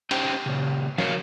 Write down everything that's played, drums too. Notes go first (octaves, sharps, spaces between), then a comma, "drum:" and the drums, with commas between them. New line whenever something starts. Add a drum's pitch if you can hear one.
C#4 D#4 G4 C5 G5, drum: cymbal
A#2 C#3
F#4 A#4 C#5 F5, drum: snare